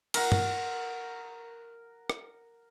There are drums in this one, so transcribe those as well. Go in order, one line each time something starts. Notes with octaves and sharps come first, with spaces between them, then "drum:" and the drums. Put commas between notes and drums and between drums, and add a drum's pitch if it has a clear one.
A#4 F#5, drum: cymbal
drum: tom G2
drum: rim click